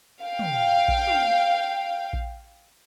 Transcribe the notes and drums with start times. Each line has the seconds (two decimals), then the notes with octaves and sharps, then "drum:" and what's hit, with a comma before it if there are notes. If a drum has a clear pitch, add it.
0.24 F5 G5
0.39 drum: tom
0.88 drum: kick A#1
1.07 drum: tom
2.13 drum: kick A#1